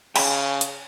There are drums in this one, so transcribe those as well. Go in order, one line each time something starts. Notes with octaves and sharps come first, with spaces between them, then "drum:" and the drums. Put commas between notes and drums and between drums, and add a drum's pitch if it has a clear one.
C#3 G5 G#5 B5, drum: cymbal
drum: hi-hat